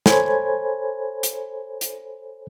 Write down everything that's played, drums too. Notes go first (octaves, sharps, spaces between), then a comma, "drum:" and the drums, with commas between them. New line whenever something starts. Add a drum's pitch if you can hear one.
A4 C5 C#5 G#5 B5 G#6, drum: snare
drum: hi-hat
drum: hi-hat